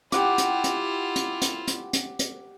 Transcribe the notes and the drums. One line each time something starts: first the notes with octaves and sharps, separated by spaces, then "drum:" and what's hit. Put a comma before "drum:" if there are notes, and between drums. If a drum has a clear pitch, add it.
E4 F4 G4 F#5 D6, drum: hi-hat
drum: hi-hat
drum: hi-hat
drum: hi-hat
drum: hi-hat
drum: hi-hat
drum: hi-hat
drum: hi-hat